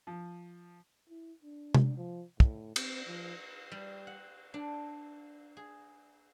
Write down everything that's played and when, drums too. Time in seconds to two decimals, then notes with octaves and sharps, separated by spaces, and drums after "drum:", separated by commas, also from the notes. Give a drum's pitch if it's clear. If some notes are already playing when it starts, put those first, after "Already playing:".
0.07 F3
1.09 E4
1.43 D4
1.74 drum: tom C3
1.97 F3
2.40 A2, drum: kick
2.76 C4, drum: cymbal
3.06 F3
3.72 G3
4.07 F#5
4.54 D4
5.57 G#4